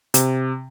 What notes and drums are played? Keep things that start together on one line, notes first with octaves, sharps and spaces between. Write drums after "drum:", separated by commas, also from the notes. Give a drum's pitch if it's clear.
C3, drum: hi-hat